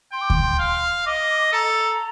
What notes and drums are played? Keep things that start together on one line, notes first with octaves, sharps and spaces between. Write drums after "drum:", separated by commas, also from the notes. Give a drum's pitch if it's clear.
G5 C6
D6
C6, drum: kick D2
F5
D#5 D6
A4 A#5